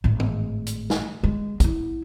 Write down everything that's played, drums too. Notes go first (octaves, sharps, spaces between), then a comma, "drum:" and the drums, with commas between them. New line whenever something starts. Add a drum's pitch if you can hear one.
G#1 A2
drum: tom
drum: hi-hat
drum: snare
G#3
B3 E4, drum: kick, hi-hat